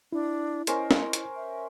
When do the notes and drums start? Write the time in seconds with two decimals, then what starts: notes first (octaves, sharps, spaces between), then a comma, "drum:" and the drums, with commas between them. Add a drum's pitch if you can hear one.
0.12 D4 E4
0.67 C#4 A#4 C5 D#5, drum: hi-hat
0.91 drum: snare
1.13 drum: hi-hat
1.36 E5